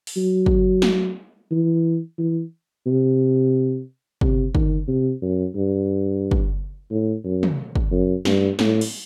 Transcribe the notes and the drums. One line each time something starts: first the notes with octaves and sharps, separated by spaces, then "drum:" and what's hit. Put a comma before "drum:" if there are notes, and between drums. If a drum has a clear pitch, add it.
drum: open hi-hat
F#3
drum: kick
drum: snare
E3
E3
C3
C3, drum: kick
D#3, drum: kick
C3
F#2
G2
drum: kick
A2
F#2
drum: tom
drum: kick
F#2
G2, drum: snare
A2, drum: snare
drum: cymbal